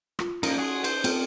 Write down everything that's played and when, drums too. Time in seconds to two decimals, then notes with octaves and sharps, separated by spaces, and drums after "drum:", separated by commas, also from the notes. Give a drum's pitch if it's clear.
0.19 F4, drum: rim click
0.43 F3 A#3 C#4 D#4 A#4, drum: cymbal
0.58 F#4 G#4 C6
0.84 B4 C5, drum: cymbal
1.04 C4 F4 A#4, drum: cymbal